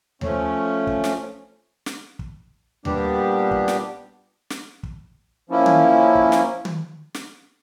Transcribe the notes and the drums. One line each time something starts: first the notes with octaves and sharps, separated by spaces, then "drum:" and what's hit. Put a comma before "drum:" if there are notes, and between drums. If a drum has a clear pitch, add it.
F3 A3 C#4, drum: tom D#2
drum: kick
drum: snare
drum: snare
drum: kick
A#2 G3 B3 D4 G4, drum: tom D#2
drum: kick
drum: snare
drum: snare
drum: kick
F3 A#3 C#4 E4
drum: tom
drum: kick
drum: snare
drum: tom
drum: snare